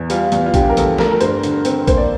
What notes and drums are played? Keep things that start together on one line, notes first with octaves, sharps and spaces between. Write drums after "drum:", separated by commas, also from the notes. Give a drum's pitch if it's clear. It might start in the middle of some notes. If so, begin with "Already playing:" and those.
Already playing: E2
G3 F4, drum: hi-hat
E2, drum: hi-hat
F4
D3 G4, drum: kick A1, hi-hat
A#4
E2 A4, drum: hi-hat
A3 A#4, drum: snare
A#4
G2 C5, drum: hi-hat
D3, drum: hi-hat
C4, drum: hi-hat
A#3 C5, drum: kick A1, hi-hat
D5